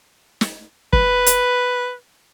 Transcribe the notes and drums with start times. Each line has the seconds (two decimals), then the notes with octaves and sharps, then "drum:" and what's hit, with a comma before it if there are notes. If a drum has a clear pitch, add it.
0.41 drum: snare
0.93 B4, drum: kick F#1
1.26 drum: hi-hat